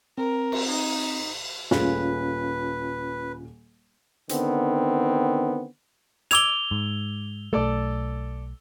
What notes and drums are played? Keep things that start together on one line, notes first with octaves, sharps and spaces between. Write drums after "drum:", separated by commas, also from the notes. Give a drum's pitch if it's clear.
C4 A#4
drum: cymbal
D#4
D#1 A3 C#4 F4 G#4 B4, drum: snare
D3 D#3 B3 C4, drum: hi-hat
D6 E6 G#6 F7 G7, drum: hi-hat
G#2
B1 A3 A4 D5